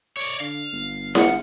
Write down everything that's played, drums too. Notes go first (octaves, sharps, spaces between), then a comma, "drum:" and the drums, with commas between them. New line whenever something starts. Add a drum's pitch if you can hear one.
C#5 D5
D3 F5
G1
F#5, drum: snare E4